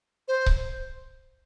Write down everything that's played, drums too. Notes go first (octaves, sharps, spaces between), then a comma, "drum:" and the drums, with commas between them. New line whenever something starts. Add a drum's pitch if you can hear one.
C5
drum: kick C#1